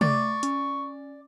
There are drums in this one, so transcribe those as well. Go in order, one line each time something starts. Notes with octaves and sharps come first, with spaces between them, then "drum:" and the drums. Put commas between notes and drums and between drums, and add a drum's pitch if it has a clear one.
A3 D5 C#6, drum: tom
C#4, drum: hi-hat